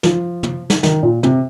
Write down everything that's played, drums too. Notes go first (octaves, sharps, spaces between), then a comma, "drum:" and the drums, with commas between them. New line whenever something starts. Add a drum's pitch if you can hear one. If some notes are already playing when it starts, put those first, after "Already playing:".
F3, drum: snare
drum: tom
drum: snare
D#3, drum: snare
A#2
C3, drum: tom